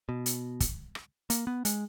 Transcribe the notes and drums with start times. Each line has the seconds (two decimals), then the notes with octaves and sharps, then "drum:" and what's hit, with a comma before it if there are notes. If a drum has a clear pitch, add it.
0.09 B2
0.26 drum: hi-hat
0.60 drum: kick, hi-hat
0.95 drum: rim click
1.30 A#3, drum: hi-hat
1.47 B3
1.65 G#3, drum: hi-hat